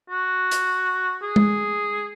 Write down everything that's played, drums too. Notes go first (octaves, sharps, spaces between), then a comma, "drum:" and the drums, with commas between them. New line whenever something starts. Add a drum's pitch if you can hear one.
F#4
drum: hi-hat
G#4
drum: tom G#3